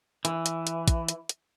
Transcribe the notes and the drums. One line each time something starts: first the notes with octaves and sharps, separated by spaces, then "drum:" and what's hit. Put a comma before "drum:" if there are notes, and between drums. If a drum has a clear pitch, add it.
E3, drum: hi-hat
drum: hi-hat
drum: hi-hat
drum: kick, hi-hat
drum: hi-hat
drum: hi-hat